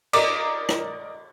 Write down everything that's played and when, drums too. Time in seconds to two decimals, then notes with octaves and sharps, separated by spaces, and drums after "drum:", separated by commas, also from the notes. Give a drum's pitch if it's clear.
0.13 A#4 D5 D#5 D6 D#6, drum: cymbal
0.69 drum: rim click